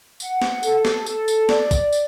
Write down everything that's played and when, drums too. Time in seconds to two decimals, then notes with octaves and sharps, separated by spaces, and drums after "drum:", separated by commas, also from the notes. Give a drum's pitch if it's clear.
0.20 F#5, drum: tambourine
0.42 drum: snare
0.63 A4, drum: tambourine
0.85 drum: snare
1.06 A4, drum: tambourine
1.28 drum: tambourine
1.49 D5, drum: snare
1.71 drum: kick A#1, tambourine
1.93 drum: tambourine